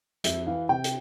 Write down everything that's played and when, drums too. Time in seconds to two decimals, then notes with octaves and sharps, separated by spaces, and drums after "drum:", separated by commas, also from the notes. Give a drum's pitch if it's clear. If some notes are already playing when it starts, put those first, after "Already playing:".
0.24 F2 E5, drum: hi-hat
0.47 E3 F5
0.69 C3 G5
0.84 drum: hi-hat